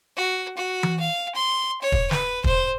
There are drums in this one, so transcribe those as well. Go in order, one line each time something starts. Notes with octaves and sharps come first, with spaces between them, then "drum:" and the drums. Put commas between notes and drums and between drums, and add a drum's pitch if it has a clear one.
F#4
F#4
drum: tom E3
F5
C6
C#5
drum: kick
B4, drum: snare
C5, drum: kick